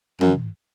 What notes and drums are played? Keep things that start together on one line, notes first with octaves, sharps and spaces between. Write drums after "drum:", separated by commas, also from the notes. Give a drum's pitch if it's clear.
F#2, drum: tom